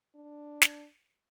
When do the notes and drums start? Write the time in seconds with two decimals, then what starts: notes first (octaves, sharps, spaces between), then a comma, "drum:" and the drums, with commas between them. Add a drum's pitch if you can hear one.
0.15 D4
0.62 drum: snare